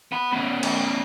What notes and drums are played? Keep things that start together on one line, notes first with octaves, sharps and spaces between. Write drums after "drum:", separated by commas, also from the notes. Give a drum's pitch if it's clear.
B3 B5
B3 C#4
drum: cymbal